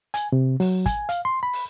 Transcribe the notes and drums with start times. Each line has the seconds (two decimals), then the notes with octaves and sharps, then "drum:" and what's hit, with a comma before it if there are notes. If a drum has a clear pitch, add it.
0.14 G#5, drum: hi-hat
0.32 C3
0.60 F#3, drum: open hi-hat
0.86 G#5, drum: kick, hi-hat
1.09 F5, drum: hi-hat
1.25 C6
1.43 B5
1.53 drum: open hi-hat